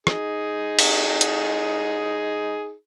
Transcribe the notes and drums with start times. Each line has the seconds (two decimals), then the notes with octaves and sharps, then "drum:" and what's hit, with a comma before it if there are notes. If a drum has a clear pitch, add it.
0.07 D#4 G#4, drum: rim click
0.79 drum: cymbal
1.21 drum: hi-hat